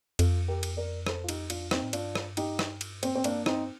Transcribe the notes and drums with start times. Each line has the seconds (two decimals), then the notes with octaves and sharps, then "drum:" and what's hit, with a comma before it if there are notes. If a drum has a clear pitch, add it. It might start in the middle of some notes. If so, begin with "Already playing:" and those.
0.19 F2 F4 A4, drum: cymbal
0.48 G4 A#4
0.63 drum: cymbal
0.77 A#4 D5
1.07 A4 C5, drum: rim click
1.24 F4
1.29 D#4 G4, drum: cymbal
1.50 D4 F4, drum: cymbal
1.71 C4 D#4, drum: rim click
1.83 A2
1.93 G2 D4 F4, drum: cymbal
2.15 drum: rim click
2.37 D#4 G4, drum: cymbal
2.59 drum: rim click
2.81 drum: cymbal
3.03 C4, drum: cymbal
3.15 C4
3.24 A#3 D4, drum: cymbal
3.46 C4 D#4, drum: rim click